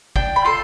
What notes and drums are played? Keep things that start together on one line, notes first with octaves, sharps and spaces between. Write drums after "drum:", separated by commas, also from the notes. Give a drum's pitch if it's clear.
D4 G5, drum: kick
B5
F4 A4 C6